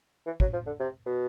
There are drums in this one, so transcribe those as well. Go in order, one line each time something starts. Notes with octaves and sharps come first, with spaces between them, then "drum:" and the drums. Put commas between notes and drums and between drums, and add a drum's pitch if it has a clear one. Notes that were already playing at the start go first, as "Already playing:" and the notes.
E3
F#3, drum: kick
F3
D3
C3
B2